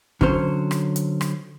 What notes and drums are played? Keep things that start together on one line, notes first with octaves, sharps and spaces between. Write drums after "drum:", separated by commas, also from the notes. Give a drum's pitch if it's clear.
D3 F#3 C#4 C5, drum: kick
drum: rim click
drum: hi-hat
drum: rim click